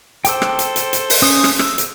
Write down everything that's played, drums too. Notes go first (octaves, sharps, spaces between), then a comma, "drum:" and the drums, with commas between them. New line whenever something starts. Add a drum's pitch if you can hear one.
A4 C5 G5 D6 E6, drum: hi-hat
drum: rim click
drum: hi-hat
drum: hi-hat
drum: hi-hat
drum: open hi-hat
C#4 D#6
drum: rim click
E6, drum: rim click
drum: hi-hat